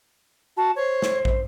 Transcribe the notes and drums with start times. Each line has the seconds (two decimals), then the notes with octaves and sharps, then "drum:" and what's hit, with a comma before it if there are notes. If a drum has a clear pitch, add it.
0.57 F#4 A5
0.76 C5 C#5
1.02 drum: snare
1.25 drum: kick